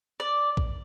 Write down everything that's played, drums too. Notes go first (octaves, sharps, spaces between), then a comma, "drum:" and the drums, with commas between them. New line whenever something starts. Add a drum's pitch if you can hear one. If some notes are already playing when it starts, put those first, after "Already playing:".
D5
drum: kick A#1